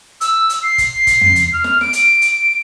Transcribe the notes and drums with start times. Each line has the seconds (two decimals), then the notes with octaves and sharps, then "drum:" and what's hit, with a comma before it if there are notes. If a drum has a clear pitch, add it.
0.21 E6, drum: hi-hat
0.50 drum: hi-hat
0.63 C7
0.78 drum: kick, hi-hat
1.07 drum: kick, hi-hat
1.21 drum: tom
1.36 drum: hi-hat
1.53 F6
1.64 drum: snare
1.81 D7, drum: snare
1.93 drum: hi-hat
2.22 drum: hi-hat